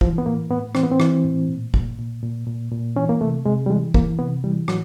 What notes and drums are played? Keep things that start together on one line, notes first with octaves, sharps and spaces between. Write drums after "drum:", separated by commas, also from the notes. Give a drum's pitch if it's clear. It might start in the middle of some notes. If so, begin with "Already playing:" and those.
E3 F3, drum: kick
B3
A2 A#3
A2 B3
E3 C4, drum: rim click
B3
C4
E3, drum: rim click
A2
A#2
A#2, drum: kick
A#2
A#2
A#2
A#2
E3 C#4
A#3
C3 A3
C3 G#3
G3
E3 G#3
E3 A#3, drum: kick
C3 B3
E3 G3
A2 F#3, drum: rim click